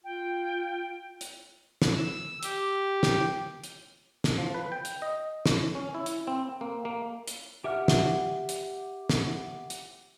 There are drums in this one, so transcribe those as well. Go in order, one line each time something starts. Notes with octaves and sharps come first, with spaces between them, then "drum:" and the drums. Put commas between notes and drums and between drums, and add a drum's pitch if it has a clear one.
F4 G5
drum: hi-hat
drum: snare
E6
G4, drum: hi-hat
drum: snare
drum: hi-hat
drum: snare
F3
B4
G5
drum: hi-hat
D#5
drum: snare
C#4
E4
drum: hi-hat
C4
A#3
A#3
drum: hi-hat
G4 E5 F#5 F6
drum: snare
drum: hi-hat
drum: snare
drum: hi-hat